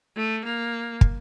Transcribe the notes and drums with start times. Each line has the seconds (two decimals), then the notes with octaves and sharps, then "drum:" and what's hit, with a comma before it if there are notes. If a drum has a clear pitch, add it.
0.16 A3
0.45 A#3
1.01 drum: kick